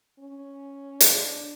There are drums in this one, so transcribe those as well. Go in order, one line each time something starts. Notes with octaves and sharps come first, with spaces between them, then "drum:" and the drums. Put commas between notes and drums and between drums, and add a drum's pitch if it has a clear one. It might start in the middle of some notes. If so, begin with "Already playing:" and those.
C#4
D4, drum: hi-hat